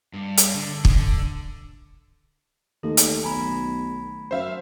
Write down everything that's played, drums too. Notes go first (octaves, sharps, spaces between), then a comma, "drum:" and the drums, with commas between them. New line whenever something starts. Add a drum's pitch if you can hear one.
G2
drum: hi-hat
D3
D3, drum: kick
D#2 D#3 A3 A4
drum: hi-hat
B1 G#5 A#5 B5
F#2 C5 E5 F5